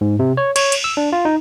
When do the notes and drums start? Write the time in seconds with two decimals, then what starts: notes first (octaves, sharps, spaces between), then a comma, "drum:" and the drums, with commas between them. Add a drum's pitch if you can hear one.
0.01 G#2
0.19 C3
0.37 C#5
0.56 C#5, drum: cymbal
0.72 drum: cymbal
0.84 E6
0.97 D4
1.13 F4
1.25 D#4